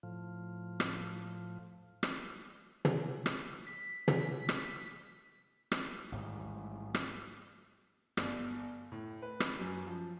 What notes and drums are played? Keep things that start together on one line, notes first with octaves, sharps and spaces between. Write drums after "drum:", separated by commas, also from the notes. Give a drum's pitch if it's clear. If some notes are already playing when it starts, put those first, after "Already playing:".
A2 F3
drum: rim click
drum: rim click
drum: tom
drum: rim click
B6
drum: tom
drum: rim click
drum: rim click
A1 G#2 D#3 G3
drum: rim click
G1, drum: rim click
A2
B4
drum: rim click
F#2
F3